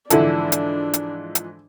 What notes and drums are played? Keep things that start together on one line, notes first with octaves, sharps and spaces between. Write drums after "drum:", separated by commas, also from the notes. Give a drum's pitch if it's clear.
G#2 D3 E3 F3 D4 E4 A4, drum: hi-hat
drum: hi-hat
drum: hi-hat
drum: hi-hat